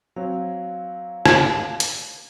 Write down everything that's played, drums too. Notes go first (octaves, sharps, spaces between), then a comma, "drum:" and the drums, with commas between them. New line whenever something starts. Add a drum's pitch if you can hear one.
F#3 C4 C#5 F5
drum: rim click
drum: hi-hat